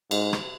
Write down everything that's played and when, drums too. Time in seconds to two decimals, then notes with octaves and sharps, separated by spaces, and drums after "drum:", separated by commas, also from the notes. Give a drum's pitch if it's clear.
0.11 G#2, drum: cymbal
0.33 drum: rim click